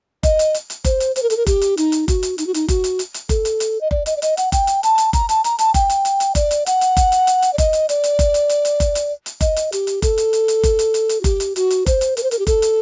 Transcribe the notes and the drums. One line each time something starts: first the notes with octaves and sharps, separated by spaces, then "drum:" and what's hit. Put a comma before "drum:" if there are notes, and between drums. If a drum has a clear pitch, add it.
D#5, drum: kick F#1, hi-hat
drum: hi-hat
drum: hi-hat
drum: hi-hat
C5, drum: kick F#1, hi-hat
drum: hi-hat
C5, drum: hi-hat
A#4
A4, drum: hi-hat
A#4
G4, drum: kick F#1, hi-hat
drum: hi-hat
D#4, drum: hi-hat
drum: hi-hat
F#4, drum: kick F#1, hi-hat
drum: hi-hat
D#4, drum: hi-hat
F#4
D#4, drum: hi-hat
F#4, drum: kick F#1, hi-hat
drum: hi-hat
drum: hi-hat
drum: hi-hat
A4, drum: kick F#1, hi-hat
drum: hi-hat
drum: hi-hat
D#5
D5, drum: kick F#1
D#5, drum: hi-hat
D5
D#5, drum: hi-hat
F#5, drum: hi-hat
G5, drum: kick F#1, hi-hat
drum: hi-hat
A5, drum: hi-hat
drum: hi-hat
A#5, drum: kick F#1, hi-hat
A5, drum: hi-hat
A#5, drum: hi-hat
A5, drum: hi-hat
G5, drum: kick F#1, hi-hat
drum: hi-hat
drum: hi-hat
drum: hi-hat
D5, drum: kick F#1, hi-hat
drum: hi-hat
F#5, drum: hi-hat
drum: hi-hat
drum: kick F#1, hi-hat
drum: hi-hat
drum: hi-hat
drum: hi-hat
D5
D#5, drum: kick F#1, hi-hat
drum: hi-hat
D5, drum: hi-hat
drum: hi-hat
drum: kick F#1, hi-hat
drum: hi-hat
drum: hi-hat
drum: hi-hat
drum: kick F#1, hi-hat
drum: hi-hat
drum: hi-hat
D#5, drum: kick F#1, hi-hat
drum: hi-hat
G4, drum: hi-hat
drum: hi-hat
A4, drum: kick F#1, hi-hat
drum: hi-hat
drum: hi-hat
drum: hi-hat
drum: kick F#1, hi-hat
drum: hi-hat
drum: hi-hat
drum: hi-hat
F#4
G4, drum: kick F#1, hi-hat
drum: hi-hat
F#4, drum: hi-hat
drum: hi-hat
C5, drum: kick F#1, hi-hat
drum: hi-hat
A#4, drum: hi-hat
C5
A#4, drum: hi-hat
G4
A4, drum: kick F#1, hi-hat
drum: hi-hat